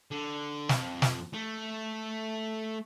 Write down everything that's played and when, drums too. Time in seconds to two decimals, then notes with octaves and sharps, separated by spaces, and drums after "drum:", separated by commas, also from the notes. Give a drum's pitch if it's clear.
0.11 D3
0.69 F2, drum: snare
1.02 drum: snare
1.33 A3